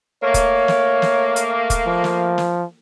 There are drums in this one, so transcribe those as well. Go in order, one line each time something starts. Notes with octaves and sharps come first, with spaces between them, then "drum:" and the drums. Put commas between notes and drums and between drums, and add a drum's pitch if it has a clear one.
A3 A#3 C#5
drum: kick, hi-hat
drum: snare
drum: snare
drum: hi-hat
drum: kick, hi-hat
F3
drum: snare
drum: snare